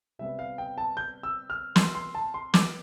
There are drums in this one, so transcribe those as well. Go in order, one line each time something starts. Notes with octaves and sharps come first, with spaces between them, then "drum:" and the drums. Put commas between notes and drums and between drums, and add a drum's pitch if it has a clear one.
C3 G3 B3 E5
F5
G5
A5
G6
E6
F6
C6, drum: snare
C6
A5
C6
D6, drum: snare